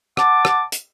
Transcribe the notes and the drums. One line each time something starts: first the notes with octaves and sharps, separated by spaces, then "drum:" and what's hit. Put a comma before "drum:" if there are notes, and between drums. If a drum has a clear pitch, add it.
F#5 A5 D6, drum: rim click
drum: rim click
drum: hi-hat